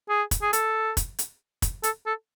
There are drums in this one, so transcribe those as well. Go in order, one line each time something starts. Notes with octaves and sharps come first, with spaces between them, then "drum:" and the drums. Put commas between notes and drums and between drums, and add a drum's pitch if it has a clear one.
G#4
drum: kick, hi-hat
G#4
A4, drum: hi-hat
drum: kick, hi-hat
drum: hi-hat
drum: kick, hi-hat
A4, drum: hi-hat
A4